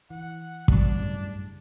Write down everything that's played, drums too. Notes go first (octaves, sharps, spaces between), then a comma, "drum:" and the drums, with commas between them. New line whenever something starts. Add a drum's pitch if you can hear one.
E3 F#5
A1 D2 G2 G3 D4, drum: kick
F#2 A2 C#3